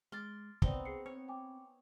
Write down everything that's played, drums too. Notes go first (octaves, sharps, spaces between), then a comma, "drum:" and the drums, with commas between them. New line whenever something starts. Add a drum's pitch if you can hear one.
G#3 C6 D6 F6 A6
C2 B3 C4 D#4 D5 G7, drum: kick
G#4 C7 C#7
C4 C#5 C#7
G5 G#5 D6